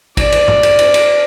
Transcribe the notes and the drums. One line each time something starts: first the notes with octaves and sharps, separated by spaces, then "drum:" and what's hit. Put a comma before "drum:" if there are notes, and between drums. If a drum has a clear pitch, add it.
D5, drum: kick, cymbal
drum: cymbal
drum: tom G2
drum: cymbal
drum: cymbal
drum: cymbal